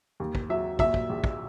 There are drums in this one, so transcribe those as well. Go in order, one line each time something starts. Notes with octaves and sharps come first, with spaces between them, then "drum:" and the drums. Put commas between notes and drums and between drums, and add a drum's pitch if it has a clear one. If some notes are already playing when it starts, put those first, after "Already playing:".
D#2
drum: kick
F#3 E5
A#2 E5, drum: kick
drum: kick
A#1
drum: kick